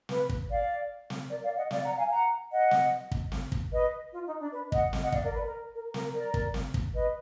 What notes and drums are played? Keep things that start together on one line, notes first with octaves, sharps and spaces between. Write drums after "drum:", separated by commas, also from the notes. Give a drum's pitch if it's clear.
B4, drum: snare
drum: kick
D5 F5
drum: snare
A#4 D5
D5 F5
D#5 F#5
D5 F5, drum: snare
F#5 A#5
F5 G#5
F#5 A#5
D#5 F#5
drum: snare
drum: kick
drum: snare
drum: kick
B4 D#5
F4
D#4
D4
B4
D#5 F#5, drum: kick
drum: snare
D#5 F#5
D5 F5, drum: kick
A#4 D5
B4
A#4
A#4
A#4, drum: snare
A#4 D5
drum: kick
drum: snare
drum: kick
B4 D#5